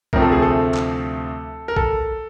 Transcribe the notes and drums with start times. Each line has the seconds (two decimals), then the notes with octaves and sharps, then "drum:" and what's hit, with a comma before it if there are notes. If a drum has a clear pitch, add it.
0.13 D2 C3 F3 A3 C4 A#4, drum: kick A#1
0.22 A4
0.32 G#4
0.42 A4
0.74 drum: clap
1.68 A#4
1.76 A4, drum: kick A#1